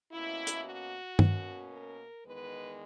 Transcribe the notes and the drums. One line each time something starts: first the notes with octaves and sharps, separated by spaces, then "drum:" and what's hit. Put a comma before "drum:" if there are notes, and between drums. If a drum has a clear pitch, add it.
B2 A#3 C#4 E4
drum: hi-hat
F#4
B2 A#3 C#4, drum: tom G2
A#4
E2 D#3 G#3 B3 B4